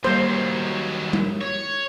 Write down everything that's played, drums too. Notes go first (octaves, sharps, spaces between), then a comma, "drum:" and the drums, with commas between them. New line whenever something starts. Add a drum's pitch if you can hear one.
D#2 F#3 G3 A#3 C5
drum: tom G3
C#5